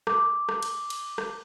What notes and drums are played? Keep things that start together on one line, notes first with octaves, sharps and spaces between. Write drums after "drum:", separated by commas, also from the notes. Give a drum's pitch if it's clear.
D6, drum: rim click
drum: rim click
drum: cymbal
drum: cymbal
drum: rim click